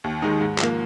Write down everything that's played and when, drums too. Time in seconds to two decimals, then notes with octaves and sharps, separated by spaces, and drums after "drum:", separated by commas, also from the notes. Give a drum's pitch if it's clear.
0.04 D#2
0.22 D#3 G#3 D#4
0.41 G#2
0.58 F3 A#3, drum: clap